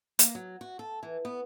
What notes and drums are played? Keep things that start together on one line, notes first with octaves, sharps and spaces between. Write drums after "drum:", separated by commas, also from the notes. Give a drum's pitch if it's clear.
A#3, drum: hi-hat
F#3
F#4
A4
E3
B3